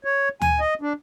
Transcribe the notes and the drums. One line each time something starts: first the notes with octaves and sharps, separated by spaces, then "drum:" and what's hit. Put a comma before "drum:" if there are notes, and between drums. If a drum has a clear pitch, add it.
C#5
G#5, drum: tom D2
D#5
D4